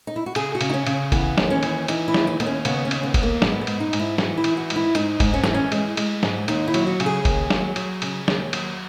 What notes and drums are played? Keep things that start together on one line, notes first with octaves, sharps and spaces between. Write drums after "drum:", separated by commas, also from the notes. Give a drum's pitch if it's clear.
D#4
E4
F#4
C#3 G#4, drum: cymbal
F#4
C#3, drum: cymbal
D#4
C#4
C#3, drum: cymbal
E3 B3, drum: kick, cymbal
D#2, drum: snare
C#4
E3, drum: cymbal
E3 D#4, drum: cymbal
E4
D#2, drum: snare
D#4
D#2 B3, drum: cymbal
C#4
C#3 B3, drum: cymbal
C#4
D#2, drum: cymbal
B3
D#2 B3, drum: kick, cymbal
A#3
G#2 B3, drum: snare
B3
G#2, drum: cymbal
D#4
G#2, drum: cymbal
E4
E3 F#4, drum: snare
E4
E3, drum: cymbal
F#4
G#2, drum: cymbal
E4
G#2 D#4, drum: cymbal
G#2, drum: kick, cymbal
C#4
E3 D#4, drum: snare
C#4
G#3, drum: cymbal
G#3, drum: cymbal
G#2, drum: snare
D#2 D#4, drum: cymbal
E4
F#3, drum: cymbal
F#4
C#3, drum: cymbal
G#4
D#2, drum: kick, cymbal
F#3, drum: snare
F#3, drum: cymbal
C#3, drum: cymbal
D#2, drum: snare
F#3, drum: cymbal